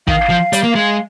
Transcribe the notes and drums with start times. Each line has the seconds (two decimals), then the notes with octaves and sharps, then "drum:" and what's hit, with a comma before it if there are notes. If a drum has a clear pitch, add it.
0.08 D#3 F5, drum: kick
0.30 F3
0.53 G3, drum: hi-hat
0.64 A#3
0.75 G#3